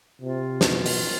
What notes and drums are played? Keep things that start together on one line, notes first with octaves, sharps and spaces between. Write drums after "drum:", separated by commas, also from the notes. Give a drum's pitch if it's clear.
C3 F4
B2, drum: snare
drum: open hi-hat